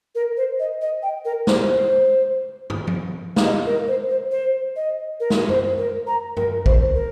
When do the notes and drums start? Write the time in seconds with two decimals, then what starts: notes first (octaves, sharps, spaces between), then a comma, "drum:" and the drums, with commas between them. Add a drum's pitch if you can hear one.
0.15 A#4
0.37 C5
0.60 D#5
0.81 D#5
1.03 G5
1.25 A#4
1.47 C5, drum: snare
1.69 C5
2.70 drum: tom
2.87 drum: tom F3
3.36 F5, drum: snare
3.45 D#5
3.66 A#4
3.88 C5
4.10 C5
4.31 C5
4.76 D#5
5.20 A#4
5.30 drum: snare
5.49 C5, drum: tom F#2
5.78 A#4
6.07 A#5
6.37 A#4, drum: tom F#2
6.66 C5, drum: kick
6.95 A#4